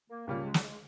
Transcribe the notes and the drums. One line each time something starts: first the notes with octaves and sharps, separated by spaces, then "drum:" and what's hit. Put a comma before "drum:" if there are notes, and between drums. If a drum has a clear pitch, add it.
A#3
C#2 C#3 G3 A#3 C#4 F4
G#3
G3, drum: snare
G#3